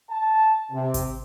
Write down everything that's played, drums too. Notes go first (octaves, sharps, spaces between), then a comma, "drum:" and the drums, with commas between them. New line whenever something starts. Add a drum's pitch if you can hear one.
A5
C3
drum: kick G#1, hi-hat